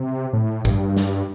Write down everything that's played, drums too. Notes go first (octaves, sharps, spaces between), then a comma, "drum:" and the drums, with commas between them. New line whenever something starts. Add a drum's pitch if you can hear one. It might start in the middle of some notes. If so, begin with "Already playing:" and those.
Already playing: C3
A2
G2, drum: kick, hi-hat
drum: snare